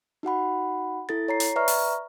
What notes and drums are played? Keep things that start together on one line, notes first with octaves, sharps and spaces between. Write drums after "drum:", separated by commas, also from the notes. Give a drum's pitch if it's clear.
D#4 F#4 F#5 B5
E4 A4 A6
C#5 A#5 C7
drum: hi-hat
B4 D5 E5 A#5 C#6 F6
drum: open hi-hat